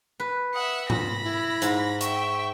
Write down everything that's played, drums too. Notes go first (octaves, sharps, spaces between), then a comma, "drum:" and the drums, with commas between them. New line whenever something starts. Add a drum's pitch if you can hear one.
B4
E5 F#5 D#6
F4 B5 A#6, drum: tom G#2
E4
G#2 A#5, drum: hi-hat
E5 G5 C#6, drum: hi-hat